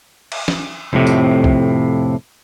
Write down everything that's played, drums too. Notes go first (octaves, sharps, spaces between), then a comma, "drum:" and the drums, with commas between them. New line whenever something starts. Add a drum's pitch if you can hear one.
drum: cymbal
drum: snare
F2 A2 C3, drum: tom C3
drum: tambourine
drum: kick B1